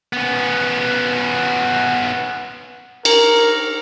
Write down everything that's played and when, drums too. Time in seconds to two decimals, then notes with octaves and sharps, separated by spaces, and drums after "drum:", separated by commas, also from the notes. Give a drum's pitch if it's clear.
0.13 B3 C#4
3.05 A#4, drum: cymbal